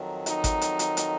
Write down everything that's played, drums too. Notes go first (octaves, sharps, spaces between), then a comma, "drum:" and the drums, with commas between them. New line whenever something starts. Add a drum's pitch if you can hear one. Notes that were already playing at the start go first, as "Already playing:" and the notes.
Already playing: F2 D#3 F#3
D#4, drum: hi-hat
drum: kick G#1, hi-hat
drum: hi-hat
drum: hi-hat
drum: hi-hat